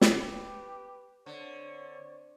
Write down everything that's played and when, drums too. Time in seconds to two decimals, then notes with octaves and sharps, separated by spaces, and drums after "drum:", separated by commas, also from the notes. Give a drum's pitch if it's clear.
0.01 G4 B4, drum: snare
1.26 D3 C4 C#5